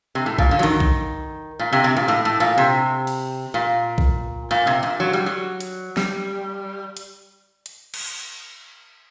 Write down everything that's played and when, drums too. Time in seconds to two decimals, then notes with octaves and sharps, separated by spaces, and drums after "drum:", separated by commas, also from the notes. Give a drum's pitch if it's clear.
0.15 C3
0.26 A2
0.38 A#2, drum: kick B1
0.51 D3
0.59 F#3
0.63 D#3, drum: hi-hat
0.80 drum: kick B1
1.59 A#2
1.73 C3
1.84 C3
1.97 A#2
2.08 A2
2.25 A2
2.40 A#2
2.58 C3
3.07 drum: cymbal
3.54 A#2
3.98 drum: kick B1
4.51 A#2
4.67 C3
4.83 A#2
5.00 F#3
5.13 G3
5.26 F#3
5.60 drum: hi-hat
5.97 G3, drum: snare
6.97 drum: hi-hat
7.66 drum: hi-hat
7.94 drum: cymbal